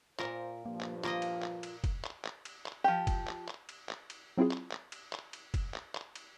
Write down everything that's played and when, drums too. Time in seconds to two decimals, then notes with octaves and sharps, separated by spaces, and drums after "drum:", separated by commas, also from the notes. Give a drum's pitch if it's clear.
0.19 A#2 F4 A#4 C5, drum: clap
0.66 G2 F3 A#3
0.81 drum: clap
1.04 A#3 F4 D#5, drum: clap
1.22 drum: cymbal
1.43 drum: clap
1.63 drum: cymbal
1.84 drum: kick, cymbal
2.04 drum: clap
2.25 drum: clap
2.45 drum: cymbal
2.66 drum: clap
2.84 F3 G4
3.07 drum: kick, cymbal
3.28 drum: clap
3.48 drum: clap
3.69 drum: cymbal
3.89 drum: clap
4.10 drum: cymbal
4.38 F#3 C4 E4 F4 G#4
4.51 drum: clap
4.72 drum: clap
4.92 drum: cymbal
5.13 drum: clap
5.33 drum: cymbal
5.54 drum: kick, cymbal
5.74 drum: clap
5.95 drum: clap
6.16 drum: cymbal